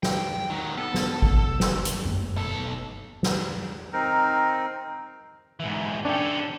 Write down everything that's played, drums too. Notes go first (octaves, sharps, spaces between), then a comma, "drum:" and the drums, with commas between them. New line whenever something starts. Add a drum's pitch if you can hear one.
G5, drum: snare
D#3 F#3
B3 A4
drum: snare
drum: kick G#1
F#1, drum: snare
drum: hi-hat
drum: tom F#2
B1 A4
drum: snare
C4 D#4 A#4
G#2 E3
C#4 D4 A4 G5